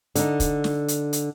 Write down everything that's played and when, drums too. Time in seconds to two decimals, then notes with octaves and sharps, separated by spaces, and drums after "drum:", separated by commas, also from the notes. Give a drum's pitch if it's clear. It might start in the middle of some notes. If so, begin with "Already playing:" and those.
0.15 D3 D#4, drum: hi-hat
0.40 drum: kick, hi-hat
0.64 drum: snare
0.88 drum: hi-hat
1.13 drum: hi-hat